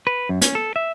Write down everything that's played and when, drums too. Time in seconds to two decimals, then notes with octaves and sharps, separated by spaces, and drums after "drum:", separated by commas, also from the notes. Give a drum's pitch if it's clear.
0.07 B4
0.29 F#2
0.41 C#4, drum: hi-hat
0.55 A4
0.76 E5